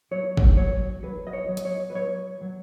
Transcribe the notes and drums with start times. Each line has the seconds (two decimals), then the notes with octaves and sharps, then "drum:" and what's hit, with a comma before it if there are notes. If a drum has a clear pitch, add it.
0.11 F#3 C#5
0.37 drum: kick
0.57 F#3 C#5
1.04 F#3 B4
1.27 D#5
1.33 C#5
1.49 F#3
1.57 D#5, drum: hi-hat
1.65 C#5
1.90 B4
1.95 F#3 C#5
2.41 F#3